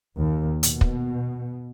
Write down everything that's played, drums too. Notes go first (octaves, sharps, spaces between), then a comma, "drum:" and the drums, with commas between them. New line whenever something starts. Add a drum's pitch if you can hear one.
D#2
B2, drum: hi-hat
drum: kick